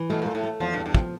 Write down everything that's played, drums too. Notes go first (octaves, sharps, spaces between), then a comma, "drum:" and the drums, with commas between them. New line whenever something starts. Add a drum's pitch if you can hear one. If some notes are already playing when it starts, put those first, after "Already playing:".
Already playing: E3
B2 A3
A#2 A3
A2
A3
E2 F3
G2
E2
G2
F3, drum: kick